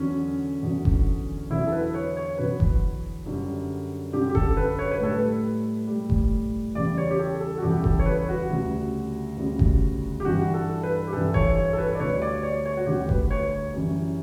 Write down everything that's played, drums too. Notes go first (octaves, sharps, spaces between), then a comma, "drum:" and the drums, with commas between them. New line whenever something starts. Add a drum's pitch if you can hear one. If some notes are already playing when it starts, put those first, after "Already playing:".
Already playing: E2 D3 F#3 C#4
E2 D3 F#3
drum: kick F1
E2 D3 F#3 E4
A4
B4
C#5
C#5
E2 D3 F#3 B4
drum: kick F1
F#2 D3 G3
F#2 D3 G3 G4
G4
A4, drum: kick F1
B4
C#5
B4
A2 G3 A4
B4
A2 G3
drum: kick F1
E2 C#3 E3 G3 D5
C#5
G4
A4
A4
F#4
E2 C#3 E3 G3 G4
G4
A4, drum: kick F1
C#5
B4
F#4
D2 C#3 G3
D2 C#3 G3
drum: kick F1
G4
G2 E3 G3 F#4
A4
B4
G4
G2 E3 G3 A4
C#5, drum: kick F1
C#5
A4
B4
D5
D2 D3 G3 C#5
D5
C#5
C#5
F#4
D2 D3 G3 G4
B4, drum: kick F1
C#5
F#2 E3 G3